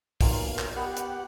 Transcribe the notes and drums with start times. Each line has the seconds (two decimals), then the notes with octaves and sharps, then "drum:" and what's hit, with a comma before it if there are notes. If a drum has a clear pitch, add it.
0.21 B1 A#2 A#4, drum: kick, open hi-hat
0.59 drum: clap
0.76 B3 G4 F#5
0.97 drum: hi-hat